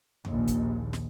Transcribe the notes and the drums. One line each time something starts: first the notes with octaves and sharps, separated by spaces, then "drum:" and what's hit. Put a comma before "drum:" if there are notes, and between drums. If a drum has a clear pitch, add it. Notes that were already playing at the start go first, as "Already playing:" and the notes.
A#1 D#2, drum: tom F2
drum: kick, hi-hat
drum: snare